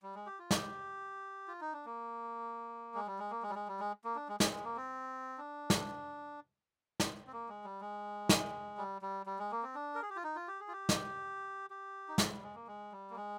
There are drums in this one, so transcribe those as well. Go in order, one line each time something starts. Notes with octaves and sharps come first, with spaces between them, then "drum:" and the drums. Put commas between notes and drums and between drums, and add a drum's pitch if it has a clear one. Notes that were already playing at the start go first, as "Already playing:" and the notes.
G3
G#3
G4
F4
G4, drum: snare
F4
D#4
D4
A#3
G#3
G3
G#3
A#3
G#3
G3
G#3
G3
G#3
A#3
D4
G#3
G#3, drum: snare
G#3
A#3
C4
D4
drum: snare
drum: snare
C4
A#3
G#3
G3
G#3
drum: snare
G3
G3
G3
G#3
A#3
C4
D4
A#4
G#4
G4
F4
D#4
F4
G4
G#4
F4
G4
drum: snare
G4
D#4
F4, drum: snare
G3
G#3
A#3
G#3
G3
A#3
G#3